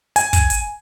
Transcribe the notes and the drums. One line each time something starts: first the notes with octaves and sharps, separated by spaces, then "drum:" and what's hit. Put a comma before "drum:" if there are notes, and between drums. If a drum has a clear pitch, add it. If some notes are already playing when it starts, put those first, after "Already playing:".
G#5, drum: hi-hat
drum: kick, hi-hat
drum: hi-hat